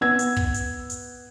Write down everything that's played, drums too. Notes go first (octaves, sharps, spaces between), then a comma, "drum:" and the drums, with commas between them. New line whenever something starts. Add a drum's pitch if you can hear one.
B3 E6 G#6
drum: hi-hat
drum: kick
drum: hi-hat
drum: hi-hat